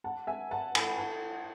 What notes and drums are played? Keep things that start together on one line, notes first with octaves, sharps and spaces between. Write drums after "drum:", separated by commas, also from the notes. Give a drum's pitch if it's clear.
F#5 A5
E5 G#5
F#5 A5
G#5 B5, drum: cymbal
F#5 A5